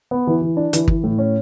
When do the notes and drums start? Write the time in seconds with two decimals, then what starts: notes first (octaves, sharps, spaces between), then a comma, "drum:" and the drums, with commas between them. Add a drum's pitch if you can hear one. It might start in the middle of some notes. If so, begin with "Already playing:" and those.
0.11 B3
0.27 E3
0.42 E3
0.57 D4
0.73 E3, drum: hi-hat
0.88 E3, drum: kick
1.04 A2
1.19 C#4